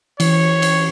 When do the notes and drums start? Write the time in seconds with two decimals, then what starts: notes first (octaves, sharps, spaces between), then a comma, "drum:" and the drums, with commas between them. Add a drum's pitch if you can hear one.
0.20 E3 C#5, drum: cymbal
0.62 drum: cymbal